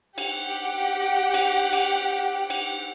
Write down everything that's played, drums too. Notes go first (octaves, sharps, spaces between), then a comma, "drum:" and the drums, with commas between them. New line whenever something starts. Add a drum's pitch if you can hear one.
G4 F#5, drum: cymbal
drum: cymbal
drum: cymbal
drum: cymbal